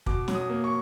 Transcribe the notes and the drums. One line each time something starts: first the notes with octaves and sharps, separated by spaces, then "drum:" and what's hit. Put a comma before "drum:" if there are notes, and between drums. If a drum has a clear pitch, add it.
B2 D6, drum: kick
F#3, drum: snare
D#6
A#3
C#6